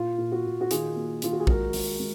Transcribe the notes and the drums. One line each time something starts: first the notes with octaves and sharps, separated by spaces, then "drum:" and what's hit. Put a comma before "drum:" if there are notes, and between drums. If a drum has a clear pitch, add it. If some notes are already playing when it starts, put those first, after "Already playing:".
Already playing: A#2 F4
A#2
F#4
A#2
F#4
D#3 F4 G#4, drum: hi-hat
A#3
D#3 F4, drum: hi-hat
F#4
G#4
G#3 F#4 A#4, drum: kick A#1
G#3, drum: open hi-hat
G#3